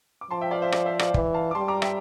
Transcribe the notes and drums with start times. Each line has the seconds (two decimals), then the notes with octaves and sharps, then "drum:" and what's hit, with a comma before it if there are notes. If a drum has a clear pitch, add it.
0.21 D6
0.30 F3 A5 C6
0.41 E5 G5
0.51 D5 F5
0.62 C5 E5
0.72 D5, drum: rim click
0.86 C5 E5
0.99 D5 F5, drum: rim click
1.14 E3, drum: kick
1.34 F5 A5
1.51 D6
1.55 G3 A5 C6
1.68 A#5 D6
1.82 E5 G5, drum: rim click